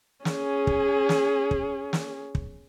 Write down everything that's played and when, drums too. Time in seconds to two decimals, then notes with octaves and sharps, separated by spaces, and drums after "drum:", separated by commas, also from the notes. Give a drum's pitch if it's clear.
0.25 C#4 G#4, drum: snare
0.67 drum: kick
1.09 drum: snare
1.51 drum: kick
1.93 drum: snare
2.35 drum: kick